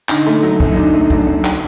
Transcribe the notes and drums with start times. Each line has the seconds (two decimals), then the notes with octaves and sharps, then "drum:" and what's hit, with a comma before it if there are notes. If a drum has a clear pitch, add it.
0.09 D3 D#4, drum: clap
0.26 A3
0.43 F#3
0.60 F#2, drum: kick
0.72 D#4
0.77 D3 D4
0.94 A3
1.10 F#3 D4, drum: kick
1.27 F#2
1.45 D3, drum: clap